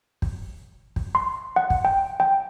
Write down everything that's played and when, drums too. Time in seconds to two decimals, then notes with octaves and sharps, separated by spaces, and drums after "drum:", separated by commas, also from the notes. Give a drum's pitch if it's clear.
0.22 drum: kick
0.96 drum: kick
1.15 C6
1.56 F#5
1.70 drum: kick
1.85 G5
2.20 G5